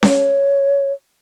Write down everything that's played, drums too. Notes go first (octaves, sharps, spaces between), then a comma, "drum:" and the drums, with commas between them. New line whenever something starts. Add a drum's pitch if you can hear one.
C#5, drum: snare C#4